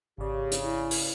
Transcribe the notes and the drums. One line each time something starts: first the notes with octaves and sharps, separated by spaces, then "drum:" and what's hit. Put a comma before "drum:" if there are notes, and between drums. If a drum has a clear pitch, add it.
G#1 C#3 G4 D5
drum: hi-hat
E4
drum: open hi-hat